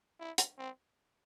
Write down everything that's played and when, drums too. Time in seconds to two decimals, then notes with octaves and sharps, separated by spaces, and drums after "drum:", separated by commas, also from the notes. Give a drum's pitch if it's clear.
0.20 E4
0.38 drum: hi-hat
0.58 C4